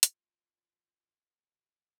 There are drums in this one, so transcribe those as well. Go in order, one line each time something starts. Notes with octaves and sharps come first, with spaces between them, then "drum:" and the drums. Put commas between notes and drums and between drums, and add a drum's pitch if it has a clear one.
F4, drum: hi-hat
F#4
F4